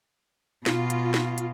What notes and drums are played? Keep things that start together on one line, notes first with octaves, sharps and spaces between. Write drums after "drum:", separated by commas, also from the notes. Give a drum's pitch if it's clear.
B2 F4, drum: snare
drum: hi-hat
drum: snare
drum: hi-hat